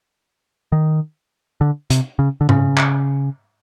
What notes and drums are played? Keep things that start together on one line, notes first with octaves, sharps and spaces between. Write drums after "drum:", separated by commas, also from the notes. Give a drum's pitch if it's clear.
D#3
D3
C3, drum: hi-hat
C#3
D3
C#3, drum: tom G#2
drum: clap